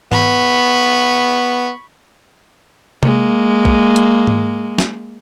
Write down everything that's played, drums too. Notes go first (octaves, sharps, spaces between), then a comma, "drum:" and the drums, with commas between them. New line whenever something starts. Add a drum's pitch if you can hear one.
B3 B5 C#6, drum: tom G#2
G#3 A#3, drum: tom C3
drum: kick A#1
drum: hi-hat
drum: tom G#2
drum: snare